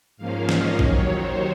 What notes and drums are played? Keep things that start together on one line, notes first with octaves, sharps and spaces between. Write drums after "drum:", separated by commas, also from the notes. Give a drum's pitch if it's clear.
G#2 F3 A#3 C#4 F5
D#5, drum: snare
D#2 D#3 F#3 C#5, drum: kick A1
C5